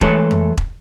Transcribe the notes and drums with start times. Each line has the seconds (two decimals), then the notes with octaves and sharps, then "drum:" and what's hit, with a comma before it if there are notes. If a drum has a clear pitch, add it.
0.01 E3 G#3 A3 A4 B4 C#5, drum: kick E1
0.31 drum: tom F2
0.57 drum: kick E1